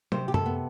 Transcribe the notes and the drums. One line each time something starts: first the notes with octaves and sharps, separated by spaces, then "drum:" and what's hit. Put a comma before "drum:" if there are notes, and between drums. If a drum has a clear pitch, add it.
C3 C5, drum: tom
G4
A4, drum: tom F#2
B3